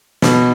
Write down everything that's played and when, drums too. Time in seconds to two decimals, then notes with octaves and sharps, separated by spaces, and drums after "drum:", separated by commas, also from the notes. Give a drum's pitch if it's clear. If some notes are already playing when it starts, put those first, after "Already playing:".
0.22 B2, drum: snare